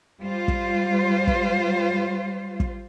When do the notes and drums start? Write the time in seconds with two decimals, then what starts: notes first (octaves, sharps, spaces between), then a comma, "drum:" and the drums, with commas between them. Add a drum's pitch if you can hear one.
0.22 G3 F4 C5
0.48 drum: kick
1.27 drum: kick
2.60 drum: kick